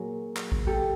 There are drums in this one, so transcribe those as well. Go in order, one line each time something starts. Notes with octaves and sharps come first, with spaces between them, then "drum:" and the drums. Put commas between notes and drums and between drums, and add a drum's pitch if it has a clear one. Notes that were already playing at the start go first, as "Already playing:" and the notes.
Already playing: A#2 F#3 G#4 A#4
drum: clap
drum: kick A1
G4 A4